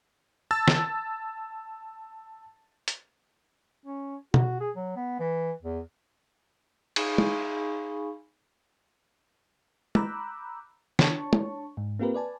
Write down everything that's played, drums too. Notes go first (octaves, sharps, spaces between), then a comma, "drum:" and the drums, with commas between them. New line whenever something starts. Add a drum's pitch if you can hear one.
A5 E6 A6
drum: snare
drum: hi-hat
C#4
F#4, drum: tom
G#4
F#3
B3
E3
E2
D#4 G#4 F5 G#5 B5 C#6, drum: cymbal
drum: tom
A#5 B5 D6 E6 F#6 G6, drum: tom
D4 C#5 A5 C#6, drum: snare
drum: tom
G#2
A#3 C4 F4 G4 A#4 B4
B4 D5 G#5 A5